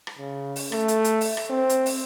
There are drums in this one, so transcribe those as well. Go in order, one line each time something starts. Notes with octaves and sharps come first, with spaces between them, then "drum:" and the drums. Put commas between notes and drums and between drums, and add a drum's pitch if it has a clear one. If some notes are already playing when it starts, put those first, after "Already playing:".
drum: rim click
C#3
drum: open hi-hat
A3, drum: rim click
drum: hi-hat
drum: hi-hat
drum: open hi-hat
drum: rim click
C4
drum: hi-hat
drum: open hi-hat